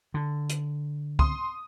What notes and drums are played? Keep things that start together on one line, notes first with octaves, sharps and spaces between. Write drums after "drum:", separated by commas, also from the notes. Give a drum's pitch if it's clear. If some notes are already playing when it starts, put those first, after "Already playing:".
D3
drum: hi-hat
C6 D#6, drum: kick C#2